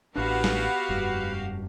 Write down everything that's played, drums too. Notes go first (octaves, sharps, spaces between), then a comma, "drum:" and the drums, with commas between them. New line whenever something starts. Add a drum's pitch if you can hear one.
A1 B3 D4 F#4 G4 B4 F5
drum: snare
F1 G2